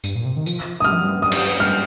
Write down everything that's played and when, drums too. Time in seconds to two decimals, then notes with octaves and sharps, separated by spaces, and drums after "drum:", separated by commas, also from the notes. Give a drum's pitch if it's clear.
0.04 G2, drum: tambourine
0.15 A#2
0.25 C3
0.36 D#3
0.46 F3, drum: tambourine
0.80 D#6
0.84 G3 F6
0.92 F3
1.01 G3
1.22 G3 D#6
1.32 drum: cymbal
1.60 G3 F6